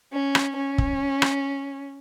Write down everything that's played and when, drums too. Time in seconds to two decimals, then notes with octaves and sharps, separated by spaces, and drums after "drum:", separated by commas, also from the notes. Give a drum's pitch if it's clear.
0.13 C#4
0.35 drum: rim click
0.56 C#4
0.78 drum: kick
1.22 drum: rim click